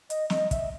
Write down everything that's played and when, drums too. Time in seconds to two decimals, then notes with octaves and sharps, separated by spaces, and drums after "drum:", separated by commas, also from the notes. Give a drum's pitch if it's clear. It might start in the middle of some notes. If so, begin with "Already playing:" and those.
0.10 D#5, drum: hi-hat
0.30 D#5, drum: snare
0.51 E5, drum: kick, hi-hat